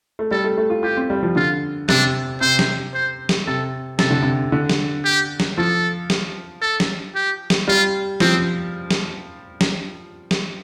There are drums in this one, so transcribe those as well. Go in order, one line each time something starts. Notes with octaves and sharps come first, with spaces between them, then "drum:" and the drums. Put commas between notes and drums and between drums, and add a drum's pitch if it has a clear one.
A3
G3 A4
A3
A3
F4
F4 G4
C4
G3
F3
D3 F4
C3 D4, drum: snare
C3 C5
drum: snare
C5
drum: snare
C3 A4
C3 A4, drum: snare
D3
C3
D3
drum: snare
G4
drum: snare
F3 A4
drum: snare
A4
drum: snare
G4
drum: snare
G3 F4
F3 C4, drum: snare
drum: snare
drum: snare
drum: snare